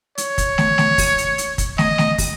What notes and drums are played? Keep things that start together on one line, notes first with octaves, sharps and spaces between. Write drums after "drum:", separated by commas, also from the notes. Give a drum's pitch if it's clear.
C#5, drum: hi-hat
drum: kick, hi-hat
drum: snare
drum: snare
drum: kick, open hi-hat
drum: hi-hat
drum: hi-hat
drum: kick, hi-hat
D#5, drum: snare
drum: snare
drum: kick, open hi-hat